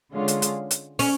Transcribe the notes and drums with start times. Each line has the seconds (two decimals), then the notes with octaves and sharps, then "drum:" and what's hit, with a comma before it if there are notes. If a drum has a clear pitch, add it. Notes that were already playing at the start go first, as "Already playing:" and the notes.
0.13 D3 G#3 C#4 F4
0.28 drum: hi-hat
0.42 drum: hi-hat
0.71 drum: hi-hat
0.99 C#4, drum: open hi-hat